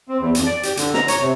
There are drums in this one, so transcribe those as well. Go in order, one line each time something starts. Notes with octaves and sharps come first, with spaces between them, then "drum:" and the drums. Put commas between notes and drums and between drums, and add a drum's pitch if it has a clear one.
C4
E2
F2, drum: hi-hat
D5
G4, drum: hi-hat
D3, drum: hi-hat
A#5, drum: snare
C#5, drum: hi-hat
C3